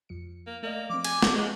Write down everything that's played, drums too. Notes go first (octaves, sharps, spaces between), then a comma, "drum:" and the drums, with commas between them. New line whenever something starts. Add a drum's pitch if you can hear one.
F2 F3 C#7
A#3
A3 A#3 D5 D#5
F3 C4 D6
G#5, drum: cymbal
drum: snare
G#3 G#4 B4 A5